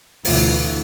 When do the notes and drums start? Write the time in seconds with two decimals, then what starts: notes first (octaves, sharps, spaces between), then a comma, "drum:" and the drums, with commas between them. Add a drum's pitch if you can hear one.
0.25 D2 B2 E3 F4, drum: open hi-hat